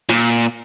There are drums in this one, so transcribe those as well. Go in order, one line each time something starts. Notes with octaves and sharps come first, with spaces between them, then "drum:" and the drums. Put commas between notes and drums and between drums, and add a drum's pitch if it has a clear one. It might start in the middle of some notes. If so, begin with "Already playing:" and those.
A#2, drum: snare